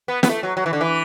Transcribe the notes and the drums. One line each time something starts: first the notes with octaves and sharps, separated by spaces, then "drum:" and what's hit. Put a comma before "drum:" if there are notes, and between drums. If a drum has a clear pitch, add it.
B3
B3, drum: snare
A3
F#3
F#3
E3
D3
E3